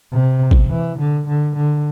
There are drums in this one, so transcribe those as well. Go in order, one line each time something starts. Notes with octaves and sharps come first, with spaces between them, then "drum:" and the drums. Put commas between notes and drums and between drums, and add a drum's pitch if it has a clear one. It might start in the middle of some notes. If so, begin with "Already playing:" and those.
C3
drum: kick
E3
D3
D3
D3